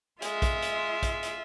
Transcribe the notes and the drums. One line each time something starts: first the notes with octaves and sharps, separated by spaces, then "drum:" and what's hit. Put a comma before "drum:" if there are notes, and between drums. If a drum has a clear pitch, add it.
G#3 F4 E5, drum: hi-hat
drum: kick A#1, hi-hat
drum: hi-hat
drum: kick A#1, hi-hat
drum: hi-hat